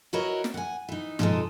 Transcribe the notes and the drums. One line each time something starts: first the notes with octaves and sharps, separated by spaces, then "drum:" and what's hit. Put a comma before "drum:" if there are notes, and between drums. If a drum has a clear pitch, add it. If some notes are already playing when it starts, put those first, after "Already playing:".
E4 F#4 A#4 B4 C#5 D#5
drum: snare
F#5 G#5
E3 D#4
B2 F3 G#3 D#4 A4 D#5, drum: tom G2